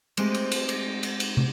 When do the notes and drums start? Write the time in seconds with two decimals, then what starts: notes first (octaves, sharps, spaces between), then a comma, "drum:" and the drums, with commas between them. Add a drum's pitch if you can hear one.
0.17 G#3 A3 C4 G4 G#4, drum: cymbal
0.34 drum: cymbal
0.52 drum: cymbal
0.69 drum: cymbal
1.03 drum: cymbal
1.20 drum: cymbal
1.37 drum: tom